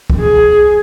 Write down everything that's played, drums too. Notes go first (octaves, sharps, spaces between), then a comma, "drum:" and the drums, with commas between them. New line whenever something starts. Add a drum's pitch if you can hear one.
drum: kick
G#4